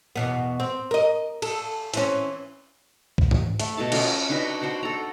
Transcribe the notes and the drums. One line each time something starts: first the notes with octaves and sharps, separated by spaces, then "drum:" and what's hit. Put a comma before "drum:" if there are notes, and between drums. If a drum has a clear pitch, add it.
E2 B2 B3
C4
A#4 D#5
A4, drum: cymbal
E3 C4 C#4, drum: hi-hat
drum: kick
drum: tom G#2
A3, drum: hi-hat
B2 A3 A4 A5
C#4 F4 A4 A#4, drum: cymbal
D4 D#4 F#4 B4
F#4 C5 F#5 G5
A4 A#5